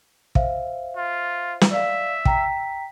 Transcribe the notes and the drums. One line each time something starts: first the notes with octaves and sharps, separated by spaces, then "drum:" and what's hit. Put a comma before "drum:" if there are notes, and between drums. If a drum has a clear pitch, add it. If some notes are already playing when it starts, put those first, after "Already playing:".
C5 E5 F5, drum: kick
F4
drum: snare
D5 E5 F5
G5 A#5 B6, drum: kick